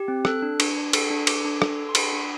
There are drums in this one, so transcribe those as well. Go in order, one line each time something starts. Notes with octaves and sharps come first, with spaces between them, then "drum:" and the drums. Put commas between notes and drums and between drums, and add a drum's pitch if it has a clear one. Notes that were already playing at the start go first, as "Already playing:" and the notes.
Already playing: G4
C4
A4 F#6, drum: rim click
D4
D4, drum: cymbal
D4
A4, drum: cymbal
D4
A4 D6, drum: cymbal
D4
A4, drum: rim click
A4
C6
D4 B5, drum: cymbal
D4